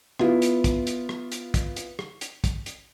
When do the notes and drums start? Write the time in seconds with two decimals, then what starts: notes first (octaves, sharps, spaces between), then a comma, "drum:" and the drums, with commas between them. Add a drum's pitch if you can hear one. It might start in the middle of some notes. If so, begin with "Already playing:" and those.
0.19 B3 E4 F4, drum: rim click
0.42 drum: hi-hat
0.64 drum: kick, hi-hat
0.87 drum: hi-hat
1.09 drum: rim click
1.32 drum: hi-hat
1.54 drum: kick, hi-hat
1.76 drum: hi-hat
1.99 drum: rim click
2.21 drum: hi-hat
2.44 drum: kick, hi-hat
2.66 drum: hi-hat